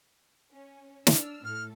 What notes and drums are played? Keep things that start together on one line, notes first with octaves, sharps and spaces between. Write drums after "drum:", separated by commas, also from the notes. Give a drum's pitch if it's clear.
C#4
D4 E6 F6, drum: snare
A2 A4 F6